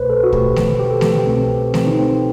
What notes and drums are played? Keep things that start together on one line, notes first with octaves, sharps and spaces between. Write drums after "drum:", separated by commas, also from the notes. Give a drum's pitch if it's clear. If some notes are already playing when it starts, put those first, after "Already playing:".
Already playing: C2 B2 A3 B4 C5
A4
F#4
C2 B2 A3 G4, drum: kick
drum: snare A3
G4
A4
G4, drum: snare A3
C2 B2 A3 C4
C4, drum: snare A3
D#4
C4